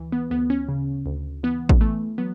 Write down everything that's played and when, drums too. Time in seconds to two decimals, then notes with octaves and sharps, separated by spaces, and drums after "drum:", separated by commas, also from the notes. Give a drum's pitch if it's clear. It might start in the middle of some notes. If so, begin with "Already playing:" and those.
Already playing: D2 E3
0.12 B3
0.31 D2 B3
0.50 C#4
0.69 C#3
1.06 D2
1.43 E3 B3
1.69 drum: kick A1
1.81 E3 A3
2.18 F#3 B3